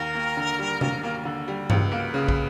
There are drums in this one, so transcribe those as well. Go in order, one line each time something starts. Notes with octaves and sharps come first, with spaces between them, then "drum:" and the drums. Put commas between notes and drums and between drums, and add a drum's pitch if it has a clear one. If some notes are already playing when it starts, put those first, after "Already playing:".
Already playing: D#2 A#4
A#3
D3
G3
D#2, drum: tom C3
A#3
D3
G3
C#2 B4 C#5, drum: tom G2
A#3
C#3
drum: kick